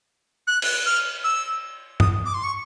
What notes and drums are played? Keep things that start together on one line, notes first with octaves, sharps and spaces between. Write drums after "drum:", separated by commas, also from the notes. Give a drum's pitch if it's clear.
F#6
drum: cymbal
F6
E6
D#6, drum: tom
D6
C6
C#6